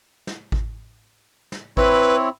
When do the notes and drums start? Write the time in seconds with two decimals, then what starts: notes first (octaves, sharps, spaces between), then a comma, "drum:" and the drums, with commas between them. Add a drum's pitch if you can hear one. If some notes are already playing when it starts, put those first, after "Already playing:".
0.27 drum: snare
0.52 drum: kick G#1
1.52 drum: snare
1.77 C4 E4 B4 C#5, drum: kick G#1